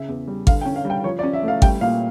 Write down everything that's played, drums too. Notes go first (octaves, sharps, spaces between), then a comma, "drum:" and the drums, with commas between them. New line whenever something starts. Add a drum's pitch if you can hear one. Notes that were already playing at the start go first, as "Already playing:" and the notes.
Already playing: C#3 E5
E2
G3
D3 F5, drum: kick G#1
G5
C#4
F5
G3
G5
F3 C#5
D5
C#4
E5
A3 F5
G3 G5, drum: kick G#1
A#2 F5